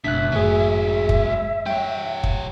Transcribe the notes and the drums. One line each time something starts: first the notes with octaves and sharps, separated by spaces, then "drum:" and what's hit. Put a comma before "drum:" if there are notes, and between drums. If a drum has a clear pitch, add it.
F#1 C#2 B2 D4 E5 F#6 B6
G1 F#2 A2 F#3 G#3 A3 G#4
drum: kick
G3 C#5 G5
drum: kick